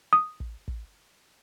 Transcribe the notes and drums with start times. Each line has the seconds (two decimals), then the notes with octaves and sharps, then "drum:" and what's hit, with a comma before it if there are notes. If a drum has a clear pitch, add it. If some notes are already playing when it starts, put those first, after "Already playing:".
0.13 D#6
0.40 drum: kick
0.68 drum: kick